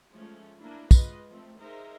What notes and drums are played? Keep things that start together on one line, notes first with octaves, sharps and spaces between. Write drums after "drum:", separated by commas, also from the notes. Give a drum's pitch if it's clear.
F3 G#3 A3 C#4
A#3 D4 E4
G#3 F4 B4 D#5, drum: kick, tambourine
F3 A3 C4
D#4 G#4 A#4 C5 D#5 E5